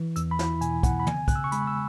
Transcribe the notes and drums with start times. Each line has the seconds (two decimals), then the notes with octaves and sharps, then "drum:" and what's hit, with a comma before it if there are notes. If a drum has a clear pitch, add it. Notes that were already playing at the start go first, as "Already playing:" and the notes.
Already playing: E3
0.16 E2 E6, drum: hi-hat
0.31 B5
0.39 E4, drum: snare
0.61 B2 G#5, drum: hi-hat
0.83 B3 F#5, drum: kick, hi-hat
1.00 B5
1.07 C#3 G#5, drum: tom
1.28 C#3 F#6, drum: kick, hi-hat
1.36 E6
1.44 C#6
1.52 G#3 B5, drum: hi-hat
1.67 E6